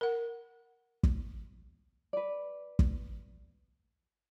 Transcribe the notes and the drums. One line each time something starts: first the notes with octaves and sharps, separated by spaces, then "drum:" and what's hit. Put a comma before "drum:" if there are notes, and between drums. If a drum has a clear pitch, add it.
A#4 F#5
drum: kick
B4 D5
drum: kick